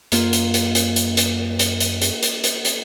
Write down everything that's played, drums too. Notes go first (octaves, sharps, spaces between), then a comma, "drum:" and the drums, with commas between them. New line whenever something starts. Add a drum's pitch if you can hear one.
F#2 A#3 F4, drum: hi-hat
drum: hi-hat
drum: hi-hat
drum: hi-hat
drum: hi-hat
drum: hi-hat
drum: hi-hat
drum: hi-hat
drum: hi-hat
drum: hi-hat
drum: hi-hat
drum: hi-hat